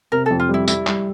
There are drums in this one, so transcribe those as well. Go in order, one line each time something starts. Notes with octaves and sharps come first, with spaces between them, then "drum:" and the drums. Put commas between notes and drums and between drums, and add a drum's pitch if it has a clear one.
C3 A#4
F2 A4
F4
G3 E4
G3 E4, drum: tambourine
G3, drum: clap